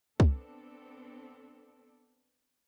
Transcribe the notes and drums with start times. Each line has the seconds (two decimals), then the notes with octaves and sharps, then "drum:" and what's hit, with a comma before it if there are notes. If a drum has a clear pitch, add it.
0.20 B3 C4 D4 A4, drum: kick